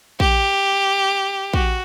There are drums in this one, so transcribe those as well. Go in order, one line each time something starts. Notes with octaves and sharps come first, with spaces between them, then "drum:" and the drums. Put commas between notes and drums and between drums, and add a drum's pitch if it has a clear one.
G4, drum: kick A#1
F#4, drum: kick A#1